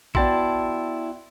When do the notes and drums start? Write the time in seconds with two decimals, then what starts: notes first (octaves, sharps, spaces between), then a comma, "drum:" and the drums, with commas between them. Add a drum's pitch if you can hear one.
0.15 B3 E4 F#4 D5 G5 A5 C6, drum: kick A1